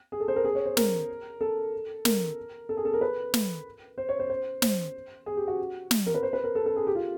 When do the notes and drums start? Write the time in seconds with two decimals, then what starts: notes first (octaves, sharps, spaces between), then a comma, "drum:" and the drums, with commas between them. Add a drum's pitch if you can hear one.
0.12 G#4
0.20 A4
0.28 C5
0.36 A#4
0.44 G#4
0.55 C#5
0.65 C5
0.77 A#4, drum: snare
1.41 A4
2.05 A#4, drum: snare
2.69 A4
2.77 G#4
2.85 A4
2.94 A#4
3.01 B4
3.34 drum: snare
3.98 C5
4.09 C#5
4.20 C5
4.30 C5
4.62 C5, drum: snare
5.26 G#4
5.37 G4
5.48 F#4
5.91 drum: snare
6.06 A#4
6.15 B4
6.23 C5
6.33 B4
6.44 A#4
6.55 A4
6.66 A4
6.76 G#4
6.87 G4
6.95 F4